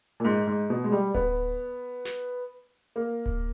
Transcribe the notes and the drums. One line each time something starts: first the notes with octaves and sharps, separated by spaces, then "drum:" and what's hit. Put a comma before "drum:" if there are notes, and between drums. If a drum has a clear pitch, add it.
A#2
G#2
G#2
B2
G#3
G3
B3, drum: kick D1
drum: snare
A#3
drum: kick D1